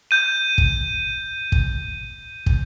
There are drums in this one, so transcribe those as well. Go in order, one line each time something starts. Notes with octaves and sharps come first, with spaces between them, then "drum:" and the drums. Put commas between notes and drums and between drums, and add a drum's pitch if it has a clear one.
G6 D#7
drum: kick
drum: kick
drum: kick